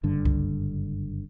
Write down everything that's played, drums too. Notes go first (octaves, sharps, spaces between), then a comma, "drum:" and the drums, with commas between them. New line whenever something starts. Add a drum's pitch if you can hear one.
F#1 G2 D3
drum: kick C2